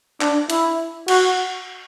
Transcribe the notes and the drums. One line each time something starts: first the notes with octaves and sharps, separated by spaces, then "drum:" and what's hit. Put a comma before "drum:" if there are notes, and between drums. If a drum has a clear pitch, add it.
D4, drum: clap
E4, drum: hi-hat
F#4, drum: cymbal